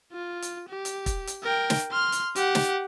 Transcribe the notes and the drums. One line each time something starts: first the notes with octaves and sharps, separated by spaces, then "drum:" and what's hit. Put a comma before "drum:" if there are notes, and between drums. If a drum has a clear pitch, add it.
F4
drum: hi-hat
G4
drum: hi-hat
drum: kick, hi-hat
drum: hi-hat
A#4 G5
drum: snare
C6 F6
drum: hi-hat
G4 F#5, drum: hi-hat
drum: snare